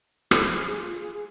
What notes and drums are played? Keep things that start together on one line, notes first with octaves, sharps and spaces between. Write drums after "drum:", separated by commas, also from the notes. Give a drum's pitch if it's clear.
A4, drum: rim click
G#4
F4
G#4